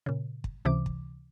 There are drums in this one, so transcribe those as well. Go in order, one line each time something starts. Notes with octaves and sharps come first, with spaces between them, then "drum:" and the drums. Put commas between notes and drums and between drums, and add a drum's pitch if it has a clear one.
A#2 C#3
drum: kick
C#2 C3 E3 D6
drum: kick